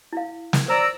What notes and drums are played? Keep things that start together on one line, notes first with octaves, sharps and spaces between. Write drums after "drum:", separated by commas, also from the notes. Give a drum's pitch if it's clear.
E4 F5
drum: snare
C5 D5 A#5 E6